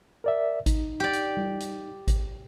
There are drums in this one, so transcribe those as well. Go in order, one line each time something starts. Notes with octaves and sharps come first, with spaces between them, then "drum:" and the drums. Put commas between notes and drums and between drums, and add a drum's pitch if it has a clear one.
A#4 D5 E5
D#4, drum: kick G#1, hi-hat
G4 D5
drum: hi-hat
drum: tom G3
drum: hi-hat
drum: kick G#1, hi-hat